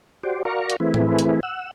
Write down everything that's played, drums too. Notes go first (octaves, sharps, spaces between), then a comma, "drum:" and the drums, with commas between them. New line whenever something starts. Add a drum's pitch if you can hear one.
F#4 G4 C5 D5
F#4 A#4 D5 F5 A#5 C#6
drum: hi-hat
E3 A3 C4 E4 G#4 B4
drum: tom A2
drum: hi-hat
F#5 E6